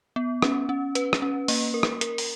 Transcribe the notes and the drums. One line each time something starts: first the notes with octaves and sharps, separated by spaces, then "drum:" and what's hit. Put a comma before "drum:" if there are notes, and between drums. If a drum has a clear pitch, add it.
B3
C#4, drum: rim click
C#4
B4, drum: hi-hat
drum: rim click
C#4
A#3, drum: open hi-hat
A#4
drum: rim click
A#4, drum: hi-hat
drum: open hi-hat